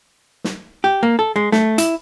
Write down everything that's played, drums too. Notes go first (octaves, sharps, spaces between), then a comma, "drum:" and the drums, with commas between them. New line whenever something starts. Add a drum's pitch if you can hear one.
drum: snare
G4
A#3
A4
G#3
A3, drum: snare
E4, drum: hi-hat